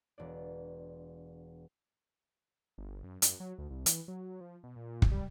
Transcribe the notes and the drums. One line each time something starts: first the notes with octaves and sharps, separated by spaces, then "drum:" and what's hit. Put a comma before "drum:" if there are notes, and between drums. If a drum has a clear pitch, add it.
E1 D4 D5
G1
F#2
F#2, drum: hi-hat
F#3
D2
C2
E3, drum: hi-hat
F#3
F3
B2
A#2
drum: kick
G3